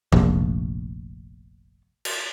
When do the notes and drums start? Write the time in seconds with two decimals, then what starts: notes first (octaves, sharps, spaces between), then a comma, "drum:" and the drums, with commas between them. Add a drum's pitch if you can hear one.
0.12 F1 A#1, drum: tom A#2
2.05 drum: cymbal